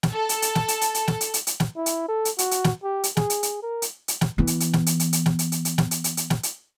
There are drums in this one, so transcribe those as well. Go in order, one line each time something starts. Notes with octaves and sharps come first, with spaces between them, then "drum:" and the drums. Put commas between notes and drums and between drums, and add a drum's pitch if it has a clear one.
drum: snare
A4
drum: hi-hat
drum: hi-hat
drum: snare
drum: hi-hat
drum: hi-hat
drum: hi-hat
drum: snare
drum: hi-hat
drum: hi-hat
drum: hi-hat
drum: snare
E4
drum: hi-hat
A4
drum: hi-hat
F#4, drum: hi-hat
drum: hi-hat
drum: snare
G4
drum: hi-hat
G#4, drum: snare
drum: hi-hat
drum: hi-hat
A#4
drum: hi-hat
drum: hi-hat
drum: snare
E3 B3
drum: hi-hat
drum: hi-hat
drum: snare
drum: hi-hat
drum: hi-hat
drum: hi-hat
drum: snare
drum: hi-hat
drum: hi-hat
drum: hi-hat
drum: snare
drum: hi-hat
drum: hi-hat
drum: hi-hat
drum: snare
drum: hi-hat